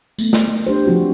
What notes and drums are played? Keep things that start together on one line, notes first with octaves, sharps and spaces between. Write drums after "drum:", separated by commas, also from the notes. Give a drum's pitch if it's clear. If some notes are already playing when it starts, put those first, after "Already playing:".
A3 B3, drum: tambourine
drum: snare
D4 G4 C5
F3 C4 F#4 B4